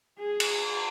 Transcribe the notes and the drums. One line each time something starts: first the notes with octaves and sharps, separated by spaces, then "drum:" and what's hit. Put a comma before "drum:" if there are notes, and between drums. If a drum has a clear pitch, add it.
G#4
drum: cymbal